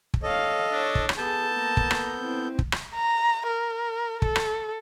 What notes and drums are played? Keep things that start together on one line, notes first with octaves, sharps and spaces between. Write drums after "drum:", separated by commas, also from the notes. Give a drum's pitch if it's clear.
drum: kick
A4 C#5 D#5 F5
D4 C#5
drum: kick
drum: rim click
B3 G#4 A4 A5 G6
A#3 A#5
drum: kick
drum: rim click
C4 E4
drum: kick
drum: rim click
A#5
A#4
A4, drum: kick
drum: rim click